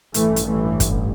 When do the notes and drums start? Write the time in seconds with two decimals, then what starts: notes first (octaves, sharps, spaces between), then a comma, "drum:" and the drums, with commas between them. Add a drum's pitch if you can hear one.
0.14 A1 G2 E3 A3, drum: hi-hat
0.36 drum: hi-hat
0.47 E3 A3
0.80 drum: kick, hi-hat